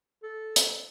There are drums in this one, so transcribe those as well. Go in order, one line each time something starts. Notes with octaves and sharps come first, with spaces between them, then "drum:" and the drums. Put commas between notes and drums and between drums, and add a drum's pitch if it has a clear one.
A4
drum: hi-hat